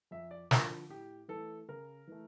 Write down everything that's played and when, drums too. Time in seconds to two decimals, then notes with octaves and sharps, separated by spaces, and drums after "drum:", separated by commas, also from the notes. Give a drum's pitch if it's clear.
0.11 F2 E5
0.31 D5
0.51 D3 F3 A#4, drum: snare
0.89 A2 G4
1.28 E3 A3 A4
1.68 C#3 A#4
2.07 E3 A3